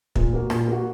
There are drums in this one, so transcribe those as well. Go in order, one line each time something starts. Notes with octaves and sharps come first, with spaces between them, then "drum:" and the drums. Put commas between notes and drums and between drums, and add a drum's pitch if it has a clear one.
A#2, drum: kick
A#3 F#4
A#2, drum: rim click
A#3 F#4